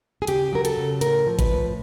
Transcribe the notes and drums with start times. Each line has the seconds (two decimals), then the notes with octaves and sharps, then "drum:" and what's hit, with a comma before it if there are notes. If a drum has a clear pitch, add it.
0.22 G#4
0.27 C#3 G4, drum: hi-hat
0.53 F#3 A#4
0.65 A4, drum: hi-hat
0.78 C#3
1.01 A2 A#4, drum: hi-hat
1.27 F3
1.39 B4, drum: kick, hi-hat
1.51 A2